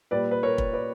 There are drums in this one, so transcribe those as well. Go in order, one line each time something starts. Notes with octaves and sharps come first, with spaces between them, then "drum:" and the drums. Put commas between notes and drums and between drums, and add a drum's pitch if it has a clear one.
A#2 G3 B4 D5
B4
A#4 C#5
drum: kick
B4 D5